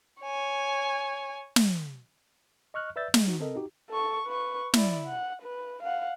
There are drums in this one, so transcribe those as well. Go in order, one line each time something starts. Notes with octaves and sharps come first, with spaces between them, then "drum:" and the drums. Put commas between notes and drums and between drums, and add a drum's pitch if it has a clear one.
C#5 G#5
drum: snare
D#5 C#6 F6 F#6
B4 D5 E5 E6 G6 A6
G#3, drum: snare
D#4 F#4
C4 A4 A#4 D#5
D#4 F#4 G4
A4 C#6
B4 C#6
E4 D5, drum: snare
F#5
B4
F5 F#5